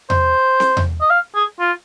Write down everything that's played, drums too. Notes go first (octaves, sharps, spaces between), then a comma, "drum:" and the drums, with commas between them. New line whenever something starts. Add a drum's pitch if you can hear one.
C5, drum: tom E2
drum: snare C4
drum: tom E2
D#5
F5
G#4
F4